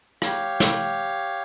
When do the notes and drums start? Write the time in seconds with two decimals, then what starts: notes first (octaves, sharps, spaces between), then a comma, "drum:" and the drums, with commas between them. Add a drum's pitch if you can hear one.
0.22 G4 C#5 F5, drum: rim click
0.60 drum: snare